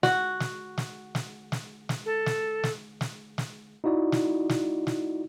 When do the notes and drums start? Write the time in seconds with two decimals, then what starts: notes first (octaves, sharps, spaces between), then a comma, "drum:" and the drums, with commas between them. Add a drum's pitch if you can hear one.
0.03 F#4, drum: snare
0.40 drum: snare
0.78 drum: snare
1.15 drum: snare
1.52 drum: snare
1.89 drum: snare
2.05 A4
2.26 drum: snare
2.63 drum: snare
3.01 drum: snare
3.38 drum: snare
3.84 D#4 E4 F#4 D5
4.12 drum: snare
4.49 drum: snare
4.87 drum: snare